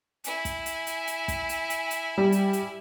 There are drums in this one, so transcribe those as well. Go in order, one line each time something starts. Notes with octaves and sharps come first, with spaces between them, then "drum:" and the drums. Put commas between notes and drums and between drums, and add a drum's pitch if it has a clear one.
E4 G#5, drum: hi-hat
drum: kick, hi-hat
drum: hi-hat
drum: hi-hat
drum: hi-hat
drum: kick, hi-hat
drum: hi-hat
drum: hi-hat
drum: hi-hat
G3
drum: hi-hat
drum: hi-hat